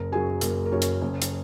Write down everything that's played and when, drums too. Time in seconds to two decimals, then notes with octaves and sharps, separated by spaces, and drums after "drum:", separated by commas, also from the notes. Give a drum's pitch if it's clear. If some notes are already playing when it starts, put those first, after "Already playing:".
Already playing: F#1 A#4 A#5
0.12 F#2 F#3 G#4 G#5
0.41 F#1 A#3 A#4, drum: hi-hat
0.66 A#4
0.72 F#2 F#3 C#4 C#5
0.82 drum: hi-hat
1.02 F#1
1.22 drum: hi-hat